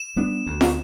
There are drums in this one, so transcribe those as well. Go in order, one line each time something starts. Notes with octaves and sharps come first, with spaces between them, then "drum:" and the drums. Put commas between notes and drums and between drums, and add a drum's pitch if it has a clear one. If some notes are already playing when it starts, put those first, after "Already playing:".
Already playing: E7
G3 B3 D4
D2
drum: snare